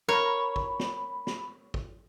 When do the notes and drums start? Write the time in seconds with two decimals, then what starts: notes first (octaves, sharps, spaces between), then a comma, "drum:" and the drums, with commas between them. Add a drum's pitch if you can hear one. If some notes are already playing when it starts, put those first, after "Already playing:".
0.09 A#4 C#5 B5
0.56 drum: kick
0.79 drum: snare
1.27 drum: snare
1.74 drum: kick